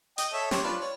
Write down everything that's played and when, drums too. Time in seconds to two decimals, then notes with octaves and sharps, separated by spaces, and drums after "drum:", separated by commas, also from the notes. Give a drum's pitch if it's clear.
0.18 D#5 G5, drum: hi-hat
0.33 A4 C#5 E5
0.51 G4 C5 C#5, drum: snare
0.64 D4 F4 B4
0.81 C#5